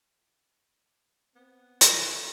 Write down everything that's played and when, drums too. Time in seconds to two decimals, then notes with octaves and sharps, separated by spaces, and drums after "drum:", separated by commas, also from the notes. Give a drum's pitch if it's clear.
1.35 B3 C4
1.81 A#1 D3 F#3 C4, drum: hi-hat